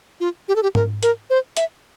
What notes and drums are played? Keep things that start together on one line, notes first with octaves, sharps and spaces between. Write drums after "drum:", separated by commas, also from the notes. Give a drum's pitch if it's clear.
F4
G4
A4
G4
A#4, drum: tom G#2
A#4, drum: hi-hat
C5
E5, drum: hi-hat